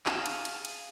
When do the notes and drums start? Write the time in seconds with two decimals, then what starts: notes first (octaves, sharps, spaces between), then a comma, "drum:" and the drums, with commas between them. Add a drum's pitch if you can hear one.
0.06 G#4 F5 A5, drum: clap
0.26 drum: cymbal
0.45 drum: cymbal
0.65 drum: cymbal